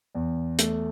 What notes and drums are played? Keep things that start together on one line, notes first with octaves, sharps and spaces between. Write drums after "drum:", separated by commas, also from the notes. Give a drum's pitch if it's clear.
E2
A3, drum: hi-hat